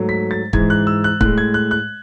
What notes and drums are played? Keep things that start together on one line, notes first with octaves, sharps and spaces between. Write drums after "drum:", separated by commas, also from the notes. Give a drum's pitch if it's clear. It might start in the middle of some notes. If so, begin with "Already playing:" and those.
Already playing: G#2 F#3 A3
B6
A6
G#2 E3 G#3 G#6, drum: kick
F#6
E6
F#6
A2 G#3 F#6, drum: kick
G#6
F#6
F#6